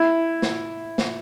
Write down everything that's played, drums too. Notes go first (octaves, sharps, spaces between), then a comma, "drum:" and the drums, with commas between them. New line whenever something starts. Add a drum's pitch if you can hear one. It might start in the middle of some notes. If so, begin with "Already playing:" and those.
Already playing: E4
drum: snare
drum: snare